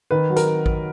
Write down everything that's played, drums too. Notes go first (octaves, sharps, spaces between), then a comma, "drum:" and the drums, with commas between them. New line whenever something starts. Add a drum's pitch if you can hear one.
D#3 B4
F#3
A#4, drum: hi-hat
drum: kick A1